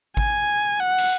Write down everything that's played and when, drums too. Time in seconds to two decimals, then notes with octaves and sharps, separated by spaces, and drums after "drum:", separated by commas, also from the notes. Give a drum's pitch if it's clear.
0.17 G#5, drum: kick G#1
0.80 F#5
0.98 drum: cymbal